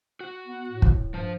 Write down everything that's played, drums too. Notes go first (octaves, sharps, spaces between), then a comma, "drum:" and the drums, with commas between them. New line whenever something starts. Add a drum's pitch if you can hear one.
F#4
B3
A2
drum: kick
G2 F3 A5